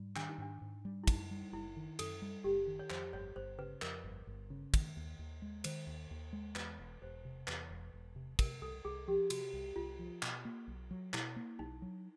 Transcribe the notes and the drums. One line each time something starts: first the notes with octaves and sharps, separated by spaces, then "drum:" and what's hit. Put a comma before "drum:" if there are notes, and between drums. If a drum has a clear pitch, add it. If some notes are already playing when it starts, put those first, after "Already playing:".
Already playing: G#2 G3
D#3 D4, drum: clap
D#4
G#2 D4
G#2
G3
E4
F#2 D#4, drum: kick, cymbal
G3
F#1 E4
D#3
F#2 A4, drum: cymbal
G3
F#1 G4
D#3
C#5
F2 C5, drum: clap
G1 C#5
G1 C5
C#3 B4
F2 A#4, drum: clap
G1
G1
C#3
D#3, drum: kick, cymbal
D#2
D#2
G#3
D#3 C5, drum: cymbal
D#2
D#2
G#3
E2 B4, drum: clap
E1
E1 C5
C3
E2 B4, drum: clap
E1
E1
C3
C3 A#4, drum: kick, cymbal
C2 A4
C2 G#4
F3 G4
C3 F#4, drum: cymbal
C2
C2 F4
F3
B2, drum: clap
A#3
B1
F#3
B2 E4, drum: clap
A#3
B1 D#4
F#3